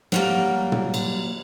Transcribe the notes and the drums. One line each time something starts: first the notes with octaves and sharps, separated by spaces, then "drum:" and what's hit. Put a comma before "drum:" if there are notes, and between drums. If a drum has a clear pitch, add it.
F#3 G3 A#3, drum: snare
drum: tom
drum: cymbal